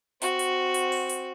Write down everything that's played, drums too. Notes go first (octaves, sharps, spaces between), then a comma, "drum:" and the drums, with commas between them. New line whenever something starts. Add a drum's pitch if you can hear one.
C4 F#4, drum: hi-hat
drum: hi-hat
drum: hi-hat
drum: open hi-hat
drum: hi-hat